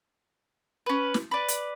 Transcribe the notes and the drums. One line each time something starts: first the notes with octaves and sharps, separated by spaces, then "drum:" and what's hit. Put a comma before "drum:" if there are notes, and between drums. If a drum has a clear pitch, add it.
C#4 B4
drum: snare
B4 D5
drum: hi-hat